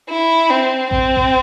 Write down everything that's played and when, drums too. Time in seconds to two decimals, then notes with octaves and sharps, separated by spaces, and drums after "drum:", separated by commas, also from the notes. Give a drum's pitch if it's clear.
0.10 E4
0.50 C4
0.91 C4, drum: kick A1
1.16 drum: kick A1